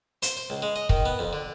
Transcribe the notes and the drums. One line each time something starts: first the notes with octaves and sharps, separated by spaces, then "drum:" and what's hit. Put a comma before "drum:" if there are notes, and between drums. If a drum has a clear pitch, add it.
C5, drum: hi-hat
C5
C#2
G#3
D#5
D#3, drum: kick
B3
F2
D3